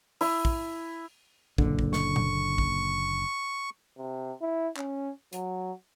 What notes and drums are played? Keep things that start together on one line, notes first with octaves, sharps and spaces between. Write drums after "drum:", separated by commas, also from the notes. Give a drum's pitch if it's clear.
E4, drum: open hi-hat
drum: kick
F#1 A#2 D3, drum: kick
drum: kick
C#6, drum: snare
drum: tom A#2
drum: kick
C3
E4
C#4, drum: clap
F#3, drum: hi-hat